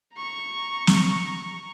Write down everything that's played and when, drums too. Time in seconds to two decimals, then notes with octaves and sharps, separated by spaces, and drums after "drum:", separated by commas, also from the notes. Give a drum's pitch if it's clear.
0.14 A#5 C#6
0.87 drum: snare